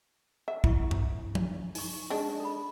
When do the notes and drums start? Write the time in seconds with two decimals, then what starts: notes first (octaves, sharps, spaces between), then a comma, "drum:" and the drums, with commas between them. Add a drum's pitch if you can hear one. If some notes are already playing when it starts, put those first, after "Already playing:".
0.48 E5 F#5
0.64 E4 C#6, drum: kick
0.91 drum: tom G2
1.35 drum: tom
1.75 D#4 C#6, drum: open hi-hat
2.10 G#3 D4
2.40 A4 B5